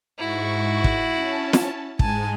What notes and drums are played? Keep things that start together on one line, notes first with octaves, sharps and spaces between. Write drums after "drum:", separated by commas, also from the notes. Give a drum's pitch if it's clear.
G#2 E4 F#4 C#6
drum: kick
C#4 A5
drum: snare
G#2 G#3 G#5 A5, drum: kick